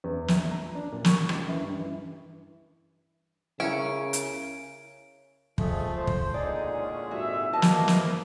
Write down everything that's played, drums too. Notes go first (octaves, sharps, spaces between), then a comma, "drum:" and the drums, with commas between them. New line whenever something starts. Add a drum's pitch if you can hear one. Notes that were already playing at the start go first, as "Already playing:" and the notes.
E2
A#1, drum: snare
A#5
D4
A#2
C#6, drum: snare
C#2, drum: rim click
E3
G2
E3
C#3 C#4 E4 A#4 D7
drum: hi-hat
F2 F3 A3 G#4, drum: kick
C5
drum: kick
A#2 D3 D#4 G#4 D5
A2 G#3 C#4
G#2 C3 F#4 E5
G#2 E3 A#3 F#4 D#5 A5
drum: snare
drum: snare